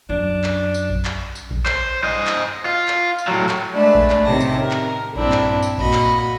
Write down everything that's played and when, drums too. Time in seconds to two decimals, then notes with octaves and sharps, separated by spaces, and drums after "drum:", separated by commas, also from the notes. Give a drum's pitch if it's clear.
0.09 F#2 D4
0.44 drum: clap
0.74 drum: tambourine
0.90 drum: kick A#1
1.05 drum: clap
1.35 drum: tambourine
1.51 drum: kick A#1
1.66 C5, drum: clap
2.03 C5 D#5
2.27 drum: clap
2.66 F4
2.88 drum: clap
3.18 drum: tambourine
3.28 A2 F#3
3.49 drum: clap
3.73 G#3 A3 D4 B4 D5
3.95 drum: kick A#1
4.10 drum: clap
4.25 A2 C3 D#3 C#4 A5 A#6
4.41 drum: tambourine
4.60 A#4
4.71 drum: clap
5.16 G2 A#2 C4 D4 E4, drum: kick A#1
5.32 drum: clap
5.63 drum: tambourine
5.78 A#2 A#3 F#4 D#5 B5, drum: kick A#1
5.93 drum: clap